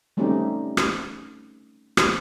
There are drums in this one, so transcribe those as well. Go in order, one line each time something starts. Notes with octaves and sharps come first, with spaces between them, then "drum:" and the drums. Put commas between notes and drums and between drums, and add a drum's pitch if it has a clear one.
G3 A3 C4 C#4 D#4 G4
drum: rim click
drum: rim click